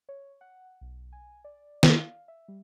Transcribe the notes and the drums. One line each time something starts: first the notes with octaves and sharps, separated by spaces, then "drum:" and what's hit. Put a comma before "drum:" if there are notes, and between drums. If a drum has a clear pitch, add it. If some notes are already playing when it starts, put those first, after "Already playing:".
C#5
F#5
B1
G#5
D5
drum: snare
F5
E5
G3